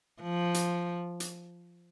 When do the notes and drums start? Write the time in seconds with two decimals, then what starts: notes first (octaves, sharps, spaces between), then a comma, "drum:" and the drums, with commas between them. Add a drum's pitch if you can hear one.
0.22 F3
0.54 drum: hi-hat
1.20 drum: hi-hat